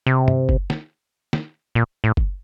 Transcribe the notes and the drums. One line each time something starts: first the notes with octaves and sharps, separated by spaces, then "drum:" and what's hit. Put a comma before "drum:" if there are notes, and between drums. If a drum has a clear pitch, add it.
C3
drum: tom
drum: kick F#1
drum: snare
drum: snare
A#2
A2
drum: kick F#1